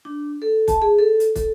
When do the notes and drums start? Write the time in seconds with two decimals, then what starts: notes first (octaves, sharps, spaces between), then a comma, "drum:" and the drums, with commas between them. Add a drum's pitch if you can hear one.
0.05 D4
0.42 A4
0.68 A5, drum: kick, hi-hat
0.82 G#4
0.99 A4
1.20 drum: hi-hat
1.36 A4, drum: kick, hi-hat